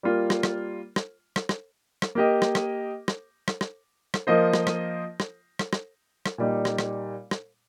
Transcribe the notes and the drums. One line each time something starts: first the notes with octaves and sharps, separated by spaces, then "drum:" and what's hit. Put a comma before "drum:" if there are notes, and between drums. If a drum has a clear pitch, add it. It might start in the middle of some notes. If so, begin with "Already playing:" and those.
G3 A#3 F4
drum: rim click
drum: rim click
drum: rim click
drum: rim click
drum: rim click
drum: rim click
A#3 G4 D#5
drum: rim click
drum: rim click
drum: rim click
drum: rim click
drum: rim click
drum: rim click
F3 A#3 F4 C5 D#5
drum: rim click
drum: rim click
drum: rim click
drum: rim click
drum: rim click
drum: rim click
A#2 G3 D#4
drum: rim click
drum: rim click
drum: rim click